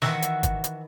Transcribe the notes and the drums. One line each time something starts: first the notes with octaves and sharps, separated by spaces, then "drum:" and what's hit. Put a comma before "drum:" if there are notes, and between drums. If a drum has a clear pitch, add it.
D#3 E3 F#4 E5 F#5, drum: snare
drum: hi-hat
drum: kick, hi-hat
drum: hi-hat